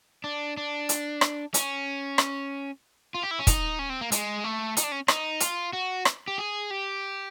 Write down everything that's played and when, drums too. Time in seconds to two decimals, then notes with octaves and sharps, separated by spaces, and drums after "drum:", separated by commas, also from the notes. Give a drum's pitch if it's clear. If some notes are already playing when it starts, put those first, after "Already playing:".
0.24 D4
0.57 D4
0.89 drum: hi-hat
1.21 drum: rim click
1.54 C#4, drum: hi-hat
2.18 drum: rim click
3.14 F4
3.23 G4
3.31 E4
3.39 C#4
3.47 D#4, drum: kick, hi-hat
3.79 C#4
3.90 C4
4.01 A#3
4.12 G#3, drum: hi-hat
4.44 A3
4.77 D#4, drum: hi-hat
4.84 D4
4.92 C#4
5.08 D#4, drum: rim click
5.40 F4, drum: hi-hat
5.73 F#4
6.05 drum: rim click
6.28 G4
6.38 G#4
6.70 G4